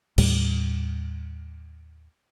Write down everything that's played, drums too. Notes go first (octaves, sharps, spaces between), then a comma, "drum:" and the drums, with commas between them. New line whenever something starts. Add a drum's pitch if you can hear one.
D#2 A2 G3, drum: cymbal